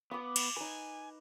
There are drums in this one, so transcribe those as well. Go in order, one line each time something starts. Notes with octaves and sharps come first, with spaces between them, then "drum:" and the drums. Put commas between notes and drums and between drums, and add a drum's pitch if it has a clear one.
B3 D6 D#6
drum: cymbal
D#4 B4 G#5